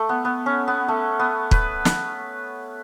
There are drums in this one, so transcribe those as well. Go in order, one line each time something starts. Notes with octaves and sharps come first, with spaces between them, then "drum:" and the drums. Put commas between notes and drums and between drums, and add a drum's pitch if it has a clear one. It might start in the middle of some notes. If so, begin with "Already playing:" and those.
Already playing: A3
B3
B3
C#4
B3
A3
B3
B4, drum: kick
drum: snare